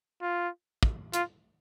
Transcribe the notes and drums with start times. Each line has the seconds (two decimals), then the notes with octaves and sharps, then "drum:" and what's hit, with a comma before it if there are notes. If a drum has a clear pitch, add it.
0.22 F4
0.83 drum: kick
1.13 F4, drum: hi-hat